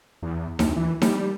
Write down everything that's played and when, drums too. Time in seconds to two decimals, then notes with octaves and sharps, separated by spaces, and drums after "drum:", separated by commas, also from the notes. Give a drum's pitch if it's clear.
0.22 E2
0.59 D2, drum: snare D#4
0.76 E3
1.02 G3, drum: snare D#4